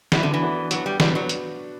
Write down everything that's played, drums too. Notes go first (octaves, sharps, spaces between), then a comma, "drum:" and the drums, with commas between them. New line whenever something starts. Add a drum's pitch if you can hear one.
E3 B3 D4 F#4 B4, drum: snare
D3
E3
B3 D4 F#4 B4
F#3 B3 D4 F#4 B4, drum: hi-hat
G3
G3 B3 D4 F#4 B4, drum: snare
F#3
drum: hi-hat